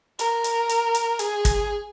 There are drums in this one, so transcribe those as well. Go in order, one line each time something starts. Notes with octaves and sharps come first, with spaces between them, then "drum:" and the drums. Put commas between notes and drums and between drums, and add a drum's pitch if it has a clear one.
A#4, drum: hi-hat
drum: hi-hat
drum: hi-hat
drum: hi-hat
G#4, drum: hi-hat
drum: kick, hi-hat